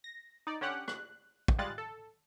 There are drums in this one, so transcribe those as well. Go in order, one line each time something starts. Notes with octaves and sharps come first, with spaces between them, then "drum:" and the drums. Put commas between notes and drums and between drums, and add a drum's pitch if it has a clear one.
A#6
D#4 D5
D3 C#4 G4 F#5 F#6
F#6, drum: rim click
drum: kick
G3 G#3 F4 F#6 A6
A4